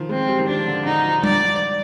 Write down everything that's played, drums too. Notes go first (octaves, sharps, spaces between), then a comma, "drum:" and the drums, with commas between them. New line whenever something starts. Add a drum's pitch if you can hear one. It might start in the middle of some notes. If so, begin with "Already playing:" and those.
Already playing: D#3 F3
G#3 C4
G3
D#3
F3 D4
D3
D3 D#4
F3
F3 D5, drum: tom G3